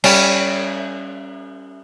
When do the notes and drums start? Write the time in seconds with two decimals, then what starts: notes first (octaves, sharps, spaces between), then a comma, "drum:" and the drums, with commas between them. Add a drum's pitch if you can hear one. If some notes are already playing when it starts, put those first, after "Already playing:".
0.04 G3 C#4, drum: cymbal